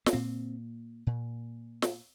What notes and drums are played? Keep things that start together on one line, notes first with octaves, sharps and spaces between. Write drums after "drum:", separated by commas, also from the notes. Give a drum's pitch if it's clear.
B3, drum: snare
A#2 C4
A#2
drum: snare